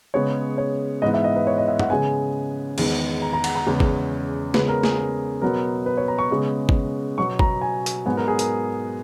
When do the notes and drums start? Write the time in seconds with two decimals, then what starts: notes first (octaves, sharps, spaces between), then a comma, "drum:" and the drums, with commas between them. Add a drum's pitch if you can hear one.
0.14 C#3 G#3 B3 C#5
0.58 C#5
1.02 G#2 E3 B3 D#5
1.14 E5
1.24 D#5
1.36 B4
1.47 C#5
1.58 D#5
1.68 E5
1.79 F#5, drum: tom
1.90 C#3 G#3 B3 G#5
2.78 E2 D#3 G#3 B3, drum: cymbal
3.22 A#5
3.33 A#5
3.44 F#5, drum: cymbal
3.55 A#5
3.67 E2 C#3 G#3 B3
3.80 drum: kick G#1
4.54 C#3 G#3 B3 B4, drum: snare
4.68 A#4
4.83 G#4, drum: snare
4.98 A#4
5.42 B2 F#3 B3 A#4
5.86 B4
5.97 C#5
6.08 A#5
6.18 C#6
6.30 C#3 G#3 B3
6.69 drum: kick G#1
7.18 B2 F#3 B3 C#6
7.39 A#5, drum: kick G#1
7.61 G#5
7.86 drum: hi-hat
8.06 G#2 F#3 B3 G#5
8.17 A#4
8.28 G#4
8.39 A#4, drum: hi-hat